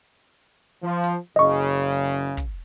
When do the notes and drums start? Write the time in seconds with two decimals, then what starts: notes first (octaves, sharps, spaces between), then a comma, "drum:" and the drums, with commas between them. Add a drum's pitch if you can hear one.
0.82 F3
1.04 drum: hi-hat
1.36 F#1 C#3 D#5 C#6
1.93 drum: hi-hat
2.37 drum: kick, hi-hat